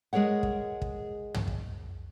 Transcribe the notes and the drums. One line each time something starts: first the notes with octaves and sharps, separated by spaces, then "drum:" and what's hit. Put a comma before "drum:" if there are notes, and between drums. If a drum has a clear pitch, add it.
G#3 G#4 A#4 C#5 F#5
drum: kick
drum: kick
drum: tom
drum: kick